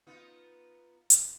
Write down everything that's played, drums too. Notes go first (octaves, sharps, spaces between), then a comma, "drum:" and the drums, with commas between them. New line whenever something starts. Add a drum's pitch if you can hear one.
B3 D#4 F4
drum: hi-hat